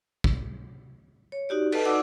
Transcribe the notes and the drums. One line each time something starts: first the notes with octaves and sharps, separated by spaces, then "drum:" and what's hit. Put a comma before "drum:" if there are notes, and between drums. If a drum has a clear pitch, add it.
drum: kick
C#5
D#4 F#4 G4 D5
A4 B4 D#5 A5, drum: cymbal
D#4 F#4 D5 F#5 D6 E6